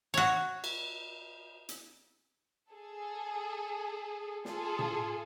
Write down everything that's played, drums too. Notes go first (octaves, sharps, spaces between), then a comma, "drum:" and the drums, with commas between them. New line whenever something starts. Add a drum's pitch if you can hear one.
F#4 C#5
drum: cymbal
drum: hi-hat
G#4 A4
F4 G#4 A4, drum: snare
drum: tom A2